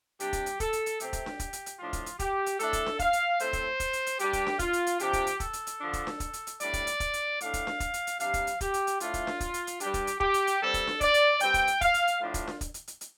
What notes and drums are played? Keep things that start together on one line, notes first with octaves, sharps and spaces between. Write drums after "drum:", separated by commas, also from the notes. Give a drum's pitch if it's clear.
C3 G3 D4 G4, drum: hi-hat
drum: kick, hi-hat
drum: hi-hat
A4, drum: kick, hi-hat
drum: hi-hat
drum: hi-hat
C3 A3 C4 G4, drum: hi-hat
drum: kick, hi-hat
drum: snare D4
drum: kick, hi-hat
drum: hi-hat
drum: hi-hat
A2 F3 D4 F4
drum: kick, hi-hat
drum: hi-hat
G4, drum: kick, hi-hat
drum: hi-hat
A2 A3 D4 A4, drum: hi-hat
drum: kick, hi-hat
drum: snare D4
F5, drum: kick, hi-hat
drum: hi-hat
A2 A3 C4 C5, drum: hi-hat
drum: kick, hi-hat
drum: kick, hi-hat
drum: hi-hat
drum: hi-hat
G2 G3 D4 G4, drum: hi-hat
drum: kick, hi-hat
drum: snare D4
F4, drum: kick, hi-hat
drum: hi-hat
drum: hi-hat
C3 F3 D4 G4, drum: hi-hat
drum: kick, hi-hat
drum: hi-hat
A4, drum: kick, hi-hat
drum: hi-hat
drum: hi-hat
D3 F3 D4
drum: kick, hi-hat
drum: snare D4
drum: kick, hi-hat
drum: hi-hat
drum: hi-hat
A2 G3 D4 D5, drum: hi-hat
drum: kick, hi-hat
drum: hi-hat
drum: kick, hi-hat
drum: hi-hat
A2 A3 D4 F5, drum: hi-hat
drum: kick, hi-hat
drum: snare D4
drum: kick, hi-hat
drum: hi-hat
drum: hi-hat
C3 G3 D4 F5, drum: hi-hat
drum: kick, hi-hat
drum: hi-hat
G4, drum: kick, hi-hat
drum: hi-hat
drum: hi-hat
A2 A3 D4 F4, drum: hi-hat
drum: kick, hi-hat
drum: snare D4
drum: kick, hi-hat
drum: hi-hat
drum: hi-hat
G2 G3 D4 G4, drum: hi-hat
drum: kick, hi-hat
drum: hi-hat
G4, drum: kick
drum: hi-hat
drum: hi-hat
G2 G3 C4 A4
drum: kick, hi-hat
drum: snare D4
D5, drum: kick, hi-hat
drum: hi-hat
G2 G3 C4 G5, drum: hi-hat
drum: kick, hi-hat
drum: hi-hat
F5, drum: kick, hi-hat
drum: hi-hat
drum: hi-hat
A2 F3 D4 F4
drum: kick, hi-hat
drum: snare D4
drum: kick, hi-hat
drum: hi-hat
drum: hi-hat
drum: hi-hat